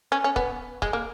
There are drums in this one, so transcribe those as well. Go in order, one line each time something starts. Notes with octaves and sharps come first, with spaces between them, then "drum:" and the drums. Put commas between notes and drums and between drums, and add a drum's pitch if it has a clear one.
C#4
C#4
B3, drum: kick
G#3, drum: kick
A#3